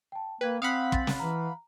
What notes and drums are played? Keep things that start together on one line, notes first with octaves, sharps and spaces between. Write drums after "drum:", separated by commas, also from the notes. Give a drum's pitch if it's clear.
G5 A5
A#3 B4 G5 G#6
C4 F5 F#5 B5 D#6 F6 F#6
C6 A6, drum: kick
drum: snare
E3 A#5